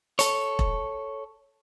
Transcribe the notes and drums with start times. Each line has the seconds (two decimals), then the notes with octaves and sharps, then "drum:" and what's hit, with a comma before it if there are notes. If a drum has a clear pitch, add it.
0.19 A4 C#5, drum: hi-hat
0.59 drum: kick E1